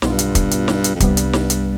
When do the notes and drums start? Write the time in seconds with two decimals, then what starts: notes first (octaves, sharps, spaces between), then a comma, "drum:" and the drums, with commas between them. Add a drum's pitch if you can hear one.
0.02 B1 G2 B2 B3 F4, drum: snare
0.19 drum: hi-hat
0.35 drum: kick, hi-hat
0.51 drum: hi-hat
0.68 drum: snare
0.84 drum: hi-hat
0.95 F2
1.00 C2 G2 C3 G3 B3, drum: kick, hi-hat
1.17 drum: hi-hat
1.33 drum: snare
1.50 drum: hi-hat